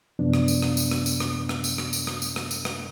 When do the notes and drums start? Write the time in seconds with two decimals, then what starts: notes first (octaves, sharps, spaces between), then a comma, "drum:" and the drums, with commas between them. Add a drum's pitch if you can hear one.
0.19 F#2 C3 F3 B3 D4
0.33 drum: rim click
0.48 drum: tambourine
0.62 drum: rim click
0.77 drum: tambourine
0.91 drum: rim click
1.06 drum: tambourine
1.20 drum: rim click
1.49 drum: rim click
1.64 drum: tambourine
1.78 drum: rim click
1.93 drum: tambourine
2.07 drum: rim click
2.22 drum: tambourine
2.36 drum: rim click
2.51 drum: tambourine
2.65 drum: rim click